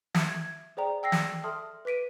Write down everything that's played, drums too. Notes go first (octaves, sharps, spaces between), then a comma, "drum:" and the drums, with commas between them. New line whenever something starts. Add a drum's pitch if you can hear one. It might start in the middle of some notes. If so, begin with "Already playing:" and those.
E5, drum: snare
G#6
G#4 C5 D5 G5 A#5
G5 E6 A#6 C7
drum: snare
A4 E5 A5 C6 D#6 F6
B4 D6 B6 D7 D#7